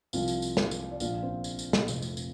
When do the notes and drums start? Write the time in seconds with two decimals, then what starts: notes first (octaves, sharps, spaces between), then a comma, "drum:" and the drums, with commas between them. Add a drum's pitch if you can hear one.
0.13 C2 C3 F3 F4 F5, drum: tambourine
0.28 drum: tambourine
0.42 drum: tambourine
0.57 drum: snare
0.71 drum: tambourine
0.91 D5
1.00 A#1 A#2 F3 F4 F5, drum: tambourine
1.23 C4 C5
1.44 drum: tambourine
1.59 drum: tambourine
1.73 drum: snare
1.88 F1 F2 C3 F3 C4, drum: tambourine
2.02 drum: tambourine
2.17 drum: tambourine